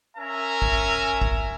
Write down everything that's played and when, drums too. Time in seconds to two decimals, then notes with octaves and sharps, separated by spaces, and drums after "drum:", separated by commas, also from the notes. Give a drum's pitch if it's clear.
0.17 C#4 A#4 E5 G#5 A#5
0.62 drum: kick
1.22 drum: kick